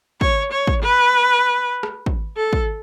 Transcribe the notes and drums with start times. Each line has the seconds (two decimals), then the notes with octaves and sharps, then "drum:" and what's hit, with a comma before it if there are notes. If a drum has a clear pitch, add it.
0.21 C#5, drum: kick
0.52 C#5
0.67 drum: kick
0.83 B4
1.83 drum: rim click
2.06 drum: kick
2.37 A4
2.53 drum: kick